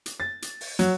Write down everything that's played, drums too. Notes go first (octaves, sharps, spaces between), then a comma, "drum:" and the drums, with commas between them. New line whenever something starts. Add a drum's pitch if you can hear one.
drum: hi-hat
A6
drum: hi-hat
drum: open hi-hat
F#3, drum: hi-hat